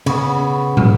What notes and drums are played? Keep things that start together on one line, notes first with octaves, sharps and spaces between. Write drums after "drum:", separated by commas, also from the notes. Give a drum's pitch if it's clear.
C#3 B3, drum: cymbal
drum: tom